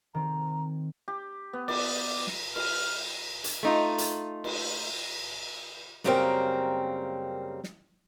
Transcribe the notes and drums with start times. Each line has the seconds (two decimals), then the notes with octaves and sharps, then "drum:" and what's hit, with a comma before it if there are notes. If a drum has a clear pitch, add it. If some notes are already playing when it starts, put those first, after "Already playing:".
0.15 D#3 C4 A#5
1.08 G4
1.53 B3
1.68 D5, drum: cymbal
2.27 drum: snare
2.55 F6, drum: cymbal
3.44 drum: hi-hat
3.63 A3 D#4 F4
3.98 drum: hi-hat
4.44 drum: cymbal
6.04 F#2 C#3 G3 A#3 C4 A#4, drum: snare
7.64 drum: snare